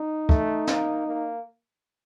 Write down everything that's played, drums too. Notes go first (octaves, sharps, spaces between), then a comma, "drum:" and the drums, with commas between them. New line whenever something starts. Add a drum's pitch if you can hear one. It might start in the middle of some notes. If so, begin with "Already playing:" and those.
Already playing: D#4
A3, drum: kick
A#3, drum: snare
A#3